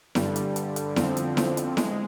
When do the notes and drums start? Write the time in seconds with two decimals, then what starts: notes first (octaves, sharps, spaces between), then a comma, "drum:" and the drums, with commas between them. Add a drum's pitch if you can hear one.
0.15 G2 D3 G3, drum: snare E4
0.36 drum: hi-hat
0.56 drum: hi-hat
0.76 drum: hi-hat
0.96 F2 D3 F3 C4, drum: snare E4
1.17 drum: hi-hat
1.37 drum: snare E4
1.57 drum: hi-hat
1.77 G#3, drum: snare E4